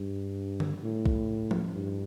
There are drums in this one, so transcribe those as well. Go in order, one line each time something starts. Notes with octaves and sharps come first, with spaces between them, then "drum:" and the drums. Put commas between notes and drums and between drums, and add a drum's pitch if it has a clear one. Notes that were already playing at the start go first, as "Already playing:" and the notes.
Already playing: G2
drum: tom D3
A2
drum: kick A#1
drum: tom F3
G2